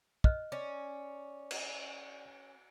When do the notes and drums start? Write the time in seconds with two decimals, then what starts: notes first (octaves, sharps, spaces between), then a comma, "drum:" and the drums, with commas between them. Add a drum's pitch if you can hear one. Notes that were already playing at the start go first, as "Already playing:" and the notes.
0.24 D#5 F6 F#6, drum: kick
0.52 C#4 D5
1.51 drum: cymbal